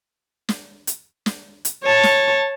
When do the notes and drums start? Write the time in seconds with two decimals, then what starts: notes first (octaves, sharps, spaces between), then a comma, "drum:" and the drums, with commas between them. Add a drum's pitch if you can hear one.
0.49 drum: snare
0.87 drum: hi-hat
1.26 drum: snare
1.65 drum: hi-hat
1.84 C#5 A5
2.03 drum: snare